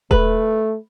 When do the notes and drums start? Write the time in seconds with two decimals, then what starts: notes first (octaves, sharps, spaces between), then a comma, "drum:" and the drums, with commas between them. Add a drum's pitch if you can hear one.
0.11 A3 B4, drum: kick D#1